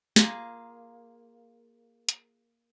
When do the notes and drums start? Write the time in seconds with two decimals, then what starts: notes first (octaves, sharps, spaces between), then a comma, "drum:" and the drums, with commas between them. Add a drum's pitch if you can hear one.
0.16 A#3 F4 G#4, drum: snare
2.09 drum: hi-hat